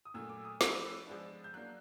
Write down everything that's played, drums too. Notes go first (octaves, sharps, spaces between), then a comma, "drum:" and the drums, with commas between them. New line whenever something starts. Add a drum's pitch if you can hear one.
D#6
A#2 F#3 A3 E6
D6
D#6
F3 A3 C#4 E4 E6, drum: snare
F3 G#3 B3 D4
G6
F#3 A#3 D4 F#6